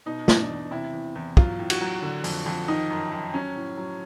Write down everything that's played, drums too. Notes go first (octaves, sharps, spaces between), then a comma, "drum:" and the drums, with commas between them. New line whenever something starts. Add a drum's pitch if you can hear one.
B2 D#4
E2, drum: snare
D4
E2
C3 E4
E2
E2
F#3 F4, drum: kick
A2
F#4, drum: cymbal
F#3
D3
F2, drum: open hi-hat
F2
D#3 D#4
F#2
F#2
F#3 C#4
A2
F#3